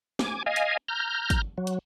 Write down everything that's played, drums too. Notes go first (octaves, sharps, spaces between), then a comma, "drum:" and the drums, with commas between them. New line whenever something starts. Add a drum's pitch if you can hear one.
G#5 D6, drum: snare
D#5 F5 G#5
drum: hi-hat
A#5 F6 G6
drum: kick, hi-hat
F#3
drum: hi-hat